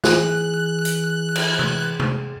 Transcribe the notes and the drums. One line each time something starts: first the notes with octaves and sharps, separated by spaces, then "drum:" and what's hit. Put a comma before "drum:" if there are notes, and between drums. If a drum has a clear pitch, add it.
E3 G#4 F#6, drum: snare
drum: hi-hat
drum: cymbal
drum: tom C3
drum: tom C3